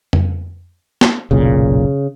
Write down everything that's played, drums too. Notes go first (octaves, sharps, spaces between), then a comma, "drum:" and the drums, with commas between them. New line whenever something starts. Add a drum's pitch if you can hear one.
drum: tom F2
drum: snare
F#1 B1 A#2 C#3